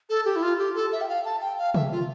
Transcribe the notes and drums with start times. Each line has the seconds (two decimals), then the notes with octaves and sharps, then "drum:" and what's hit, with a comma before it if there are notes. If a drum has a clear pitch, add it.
0.10 A4
0.25 G4
0.36 E4
0.42 F4
0.58 G4
0.75 A4
0.93 E5
1.01 G5
1.09 F5
1.25 A5
1.41 G5
1.59 F5
1.74 E5, drum: tom C3
1.92 F4